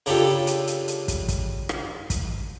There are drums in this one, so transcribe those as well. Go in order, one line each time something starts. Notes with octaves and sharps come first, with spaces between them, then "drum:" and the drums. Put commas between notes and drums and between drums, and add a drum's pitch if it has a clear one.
C#3 D4 F4 G4 A4, drum: open hi-hat
drum: hi-hat
drum: hi-hat
drum: hi-hat
drum: kick, hi-hat
drum: kick, hi-hat
drum: rim click
drum: kick, hi-hat